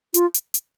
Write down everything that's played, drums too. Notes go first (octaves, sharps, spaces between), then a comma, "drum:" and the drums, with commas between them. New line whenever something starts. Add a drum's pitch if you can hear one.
F4, drum: hi-hat
drum: hi-hat
drum: hi-hat